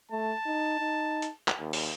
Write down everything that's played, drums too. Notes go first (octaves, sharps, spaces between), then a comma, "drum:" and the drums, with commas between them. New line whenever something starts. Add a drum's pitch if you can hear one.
A3 A5
D#4
D#4
drum: hi-hat
drum: clap
D#2
drum: open hi-hat